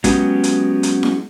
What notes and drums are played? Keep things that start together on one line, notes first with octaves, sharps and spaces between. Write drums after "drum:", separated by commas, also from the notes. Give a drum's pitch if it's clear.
F#3 G#3 B3 C#4 G4, drum: kick, hi-hat
drum: hi-hat
drum: hi-hat
drum: snare E4